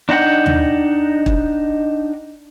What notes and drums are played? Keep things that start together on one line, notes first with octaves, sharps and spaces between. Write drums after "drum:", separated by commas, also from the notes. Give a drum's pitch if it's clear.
D4 D#4 F#5 G5
drum: tom D#2
drum: kick